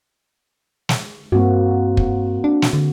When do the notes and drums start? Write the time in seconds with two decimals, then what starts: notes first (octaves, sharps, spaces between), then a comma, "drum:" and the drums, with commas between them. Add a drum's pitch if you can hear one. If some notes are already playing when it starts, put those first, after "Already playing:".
0.89 drum: snare
1.32 G2 A#3 C4 F#4
1.97 drum: kick
2.44 D4
2.62 drum: snare
2.73 D3